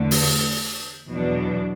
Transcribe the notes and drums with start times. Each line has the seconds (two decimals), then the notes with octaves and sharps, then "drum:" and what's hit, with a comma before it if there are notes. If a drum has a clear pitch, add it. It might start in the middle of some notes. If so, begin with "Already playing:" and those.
Already playing: E2 D3 A3
0.11 drum: open hi-hat
1.10 E2 B2 F#3 D4